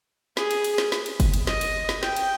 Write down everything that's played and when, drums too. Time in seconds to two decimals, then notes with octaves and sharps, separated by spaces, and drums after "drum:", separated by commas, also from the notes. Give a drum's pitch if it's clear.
0.37 G#4, drum: snare
0.51 drum: cymbal
0.64 drum: cymbal
0.78 drum: snare
0.92 drum: snare
1.06 drum: cymbal
1.20 drum: kick F#1, cymbal
1.34 drum: cymbal
1.47 D#5, drum: snare
1.61 drum: cymbal
1.89 drum: snare
2.03 G5, drum: snare
2.16 drum: cymbal